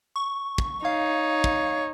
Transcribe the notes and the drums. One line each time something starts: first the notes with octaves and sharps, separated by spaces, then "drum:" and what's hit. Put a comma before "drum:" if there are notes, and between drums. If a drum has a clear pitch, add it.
C#6
drum: kick
D#4 C#5 F5
drum: kick